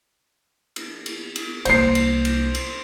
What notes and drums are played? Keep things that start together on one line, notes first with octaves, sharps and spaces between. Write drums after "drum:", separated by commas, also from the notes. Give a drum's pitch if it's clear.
drum: cymbal
drum: cymbal
drum: cymbal
C2 A#3 C5 C7, drum: cymbal
drum: cymbal
drum: cymbal
drum: cymbal